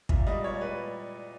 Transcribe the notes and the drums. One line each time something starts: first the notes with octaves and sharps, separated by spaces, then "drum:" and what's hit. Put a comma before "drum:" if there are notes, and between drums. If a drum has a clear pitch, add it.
A#2 E5, drum: kick
G3 D#5
A#2 C#5
G3 B4